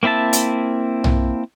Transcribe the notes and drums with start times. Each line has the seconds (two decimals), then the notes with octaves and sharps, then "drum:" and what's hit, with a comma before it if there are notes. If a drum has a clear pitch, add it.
0.03 A#3 C4 E4 E5 A5
0.33 drum: hi-hat
1.04 drum: tom B1